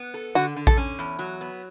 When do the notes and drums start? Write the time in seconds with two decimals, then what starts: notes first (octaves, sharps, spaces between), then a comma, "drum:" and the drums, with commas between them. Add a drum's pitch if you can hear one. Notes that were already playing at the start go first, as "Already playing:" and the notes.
Already playing: B3
0.14 A4
0.35 D3 F#4
0.56 D3
0.67 A4, drum: kick A#1
0.77 C#4
0.99 E2
1.19 F#3
1.41 B3